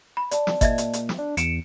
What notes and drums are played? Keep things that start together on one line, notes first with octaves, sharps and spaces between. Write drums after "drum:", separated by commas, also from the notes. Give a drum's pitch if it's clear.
B5
D5 A5, drum: hi-hat
drum: snare
A#2 D#5 E5 G#6, drum: kick G1, hi-hat
drum: hi-hat
drum: hi-hat
drum: snare
D4
E2 C#7 D7 E7, drum: hi-hat